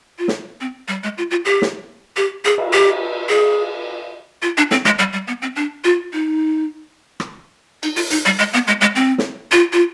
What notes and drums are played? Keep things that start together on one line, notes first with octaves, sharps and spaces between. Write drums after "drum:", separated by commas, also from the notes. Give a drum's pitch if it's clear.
F4
drum: snare
C4
G3
G#3
F4
F4
G4
drum: snare
G4
G#4
drum: cymbal
G4
G#4
F4
D4
C4, drum: snare
G#3, drum: rim click
G3
G3
B3
C4
D4
F4
D#4
drum: rim click
D#4, drum: cymbal
F4, drum: open hi-hat
D#4, drum: hi-hat
G3
G#3
B3
G#3
G#3
C4
drum: snare
F4
F4